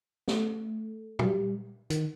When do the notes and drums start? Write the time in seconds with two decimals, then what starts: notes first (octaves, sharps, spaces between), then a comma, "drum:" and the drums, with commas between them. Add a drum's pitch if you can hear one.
0.28 A3, drum: snare
1.19 F#3, drum: tom
1.25 G3
1.90 D#3, drum: hi-hat